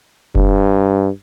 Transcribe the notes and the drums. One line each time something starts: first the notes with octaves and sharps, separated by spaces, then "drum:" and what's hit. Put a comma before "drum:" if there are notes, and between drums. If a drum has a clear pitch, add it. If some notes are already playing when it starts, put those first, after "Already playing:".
G2, drum: kick F1